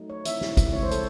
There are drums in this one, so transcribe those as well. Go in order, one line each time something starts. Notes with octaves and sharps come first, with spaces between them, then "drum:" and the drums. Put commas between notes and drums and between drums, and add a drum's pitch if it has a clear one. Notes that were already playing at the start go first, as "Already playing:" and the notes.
Already playing: F#3 A3 D#4
C#5
E3 C4 E4 E5, drum: hi-hat
drum: snare
drum: kick, hi-hat
C#3 G#3 C4 E4 C#5
C5
A4, drum: hi-hat